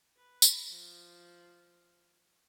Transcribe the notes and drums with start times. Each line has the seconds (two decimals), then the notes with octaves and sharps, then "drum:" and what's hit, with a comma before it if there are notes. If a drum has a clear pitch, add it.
0.17 B4
0.42 drum: tambourine
0.70 F3